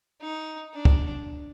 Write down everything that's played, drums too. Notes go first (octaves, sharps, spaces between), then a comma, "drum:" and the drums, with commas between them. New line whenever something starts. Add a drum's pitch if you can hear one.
D#4
D4
drum: kick